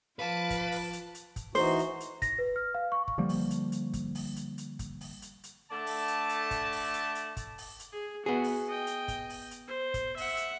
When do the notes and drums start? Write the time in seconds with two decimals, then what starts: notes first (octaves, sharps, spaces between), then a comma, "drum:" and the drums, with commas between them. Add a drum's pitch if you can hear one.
0.19 F3 B4 F5 A5 D6
0.50 drum: kick, hi-hat
0.72 drum: open hi-hat
0.93 drum: hi-hat
1.15 drum: hi-hat
1.36 drum: kick, hi-hat
1.55 E3 D#4 F#4 C5, drum: open hi-hat
1.79 drum: hi-hat
2.00 drum: hi-hat
2.22 A#6, drum: kick, hi-hat
2.38 B4
2.56 F6
2.74 F5
2.92 C#6
3.08 drum: kick
3.18 D3 F3 G3 A#3
3.29 drum: open hi-hat
3.51 drum: hi-hat
3.72 drum: hi-hat
3.93 drum: kick, hi-hat
4.15 drum: open hi-hat
4.36 drum: hi-hat
4.58 drum: hi-hat
4.79 drum: kick, hi-hat
5.01 drum: open hi-hat
5.22 drum: hi-hat
5.44 drum: hi-hat
5.71 D3 A3 D5 A5
5.86 drum: open hi-hat
6.08 drum: hi-hat
6.29 drum: hi-hat
6.51 drum: kick, hi-hat
6.72 drum: open hi-hat
6.94 drum: hi-hat
7.15 drum: hi-hat
7.37 drum: kick, hi-hat
7.58 drum: open hi-hat
7.80 drum: hi-hat
7.93 G#4
8.26 B3 F#4 G#4
8.44 drum: open hi-hat
8.69 D#5 G5
8.87 drum: hi-hat
9.08 drum: kick, hi-hat
9.30 drum: open hi-hat
9.51 drum: hi-hat
9.68 C5
9.94 drum: kick, hi-hat
10.17 E5 F#5, drum: open hi-hat
10.37 drum: hi-hat